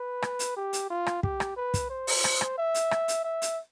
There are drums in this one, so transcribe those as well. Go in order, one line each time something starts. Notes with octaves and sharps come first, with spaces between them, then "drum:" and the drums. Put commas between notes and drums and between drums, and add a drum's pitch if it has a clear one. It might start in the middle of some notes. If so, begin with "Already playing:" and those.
Already playing: B4
drum: rim click
drum: hi-hat
G4
drum: hi-hat
F4
drum: rim click
G4, drum: kick
drum: rim click
B4
drum: kick, hi-hat
C5
drum: open hi-hat
drum: rim click
drum: rim click
E5
drum: hi-hat
drum: rim click
drum: hi-hat
E5
drum: hi-hat